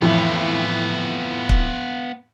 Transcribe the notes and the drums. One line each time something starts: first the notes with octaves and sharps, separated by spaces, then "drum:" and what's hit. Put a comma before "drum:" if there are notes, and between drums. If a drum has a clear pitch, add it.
F2 A2 E3 B3 F4
drum: kick